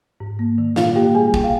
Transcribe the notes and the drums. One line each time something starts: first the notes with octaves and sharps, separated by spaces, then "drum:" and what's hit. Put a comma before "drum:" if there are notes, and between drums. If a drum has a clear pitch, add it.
G#2
A#3
D#3
A#2 F4 F5, drum: snare
A#3 G4 G5
G3 G#4 G#5
C3 G5, drum: kick
F5